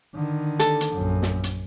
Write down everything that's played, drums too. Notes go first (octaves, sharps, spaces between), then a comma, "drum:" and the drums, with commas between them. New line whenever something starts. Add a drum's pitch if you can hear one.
D3 D#3
A4, drum: hi-hat
drum: hi-hat
A#1 F#2
drum: snare
drum: hi-hat